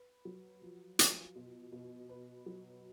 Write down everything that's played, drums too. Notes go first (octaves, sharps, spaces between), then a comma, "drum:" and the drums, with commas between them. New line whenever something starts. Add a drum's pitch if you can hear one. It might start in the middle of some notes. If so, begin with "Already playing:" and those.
Already playing: B4
F#3
F3
F3, drum: hi-hat
B2
B2
B4
F#3